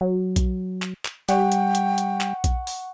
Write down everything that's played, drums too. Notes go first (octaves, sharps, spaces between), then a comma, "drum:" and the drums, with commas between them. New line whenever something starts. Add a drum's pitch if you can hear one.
F#3
drum: kick A#1, hi-hat
drum: clap
drum: clap
G3 F#5 G5 C#6, drum: hi-hat
drum: hi-hat
drum: hi-hat
drum: hi-hat
drum: clap
drum: kick A#1, hi-hat
drum: open hi-hat